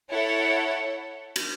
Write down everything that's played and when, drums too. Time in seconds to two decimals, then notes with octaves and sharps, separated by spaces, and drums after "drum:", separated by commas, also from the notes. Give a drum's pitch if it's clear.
0.11 E4 A4 C#5 F#5
1.36 drum: cymbal